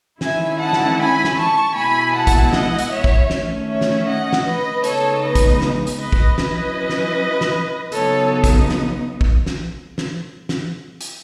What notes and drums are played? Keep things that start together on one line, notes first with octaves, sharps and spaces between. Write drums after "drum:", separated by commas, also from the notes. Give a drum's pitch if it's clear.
D#3 G#3 C#4 E4 E5 G#5, drum: snare
F#5 A5
drum: snare
G#5 B5
drum: snare
A5 C#6
B2 G#3 B3 E4 G#5 B5
F#5 A5
drum: kick, hi-hat
D#5 F#5, drum: snare
drum: hi-hat
C#5 E5
drum: kick
D#3 A3 C#4, drum: snare
C#5 E5
drum: snare
D#5 F#5
drum: snare
B4 D#5
C#3 G#3 B3 D#4 A4 C#5, drum: hi-hat
B4 D#5
drum: kick, hi-hat
drum: snare
drum: hi-hat
B4 D#5
drum: kick
F#3 C#4 E4 B4 D#5, drum: snare
drum: snare
drum: snare
C#3 F#3 B3 D#4 A4 C#5, drum: hi-hat
drum: kick, hi-hat
drum: snare
drum: kick
drum: snare
drum: snare
drum: snare
drum: hi-hat